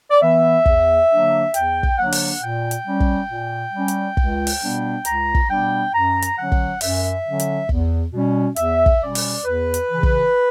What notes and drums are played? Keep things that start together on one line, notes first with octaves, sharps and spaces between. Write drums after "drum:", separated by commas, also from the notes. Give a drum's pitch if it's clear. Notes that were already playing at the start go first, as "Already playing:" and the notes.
D5
E3 B3 E5
E2, drum: kick
D3 F#3 A#3 D4
E2 G5, drum: hi-hat
drum: kick
D3 F#3 A#3 D4 F#5
drum: open hi-hat
A#2 G5
drum: hi-hat
G3 C#4
drum: kick
A#2
G3 C#4
drum: hi-hat
C#2, drum: kick
drum: open hi-hat
B2 G3 B3 D4
C#2 A#5, drum: hi-hat
drum: kick
B2 G3 B3 D4 G5
F#2 A#5
drum: hi-hat
D3 F#3 C#4 F#5
drum: kick
F#2 E5, drum: open hi-hat
D3 F#3 C#4
drum: hi-hat
E2, drum: kick
B2 G3 C#4
E2 E5, drum: hi-hat
drum: kick
B2 G3 C#4 D5
drum: open hi-hat
E2 B4
drum: hi-hat
C#3 E3
drum: kick